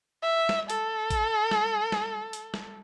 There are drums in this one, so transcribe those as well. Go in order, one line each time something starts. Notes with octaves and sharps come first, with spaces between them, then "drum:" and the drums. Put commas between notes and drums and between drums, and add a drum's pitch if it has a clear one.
E5
drum: snare
A4, drum: hi-hat
drum: kick G#1, hi-hat
drum: snare
drum: snare
drum: hi-hat
drum: snare